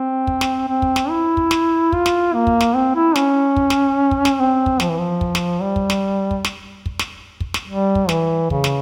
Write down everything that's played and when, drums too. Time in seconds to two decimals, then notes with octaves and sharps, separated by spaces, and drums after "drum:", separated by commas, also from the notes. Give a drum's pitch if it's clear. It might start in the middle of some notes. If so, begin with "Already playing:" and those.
Already playing: C4
0.27 drum: kick
0.41 drum: snare
0.69 C4
0.82 drum: kick
0.96 drum: snare
1.09 E4
1.37 drum: kick
1.51 drum: snare
1.92 F4, drum: kick
2.06 drum: snare
2.34 A#3
2.47 drum: kick
2.61 drum: snare
2.75 C4
2.95 E4
3.16 C#4, drum: snare
3.57 drum: kick
3.70 drum: snare
4.11 drum: kick
4.25 drum: snare
4.39 C4
4.66 drum: kick
4.80 F3, drum: snare
4.89 E3
4.98 F3
5.21 drum: kick
5.35 drum: snare
5.62 G3
5.76 drum: kick
5.90 drum: snare
6.31 drum: kick
6.44 drum: snare
6.86 drum: kick
6.99 drum: snare
7.40 drum: kick
7.54 drum: snare
7.68 G3
7.95 drum: kick
8.09 E3, drum: snare
8.50 C#3, drum: kick
8.64 drum: snare